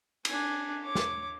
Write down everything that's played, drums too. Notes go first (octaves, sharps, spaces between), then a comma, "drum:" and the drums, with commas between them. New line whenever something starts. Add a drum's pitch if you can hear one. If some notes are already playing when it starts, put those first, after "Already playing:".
D4 G#5, drum: cymbal
C#5 D6
drum: snare